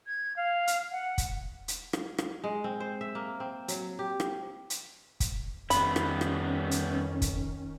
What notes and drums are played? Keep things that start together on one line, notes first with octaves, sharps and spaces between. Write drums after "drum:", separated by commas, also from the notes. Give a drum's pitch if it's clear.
G#6
F5
drum: hi-hat
F#5
drum: kick, hi-hat
drum: hi-hat
drum: rim click
drum: rim click
G#3
C4
C5
E5
A#3
C4
F#3, drum: hi-hat
G4
drum: rim click
drum: hi-hat
drum: kick, hi-hat
F2 D#3 G3 B3 C#4 E4 B5, drum: hi-hat
drum: rim click
drum: rim click
drum: hi-hat
drum: kick, hi-hat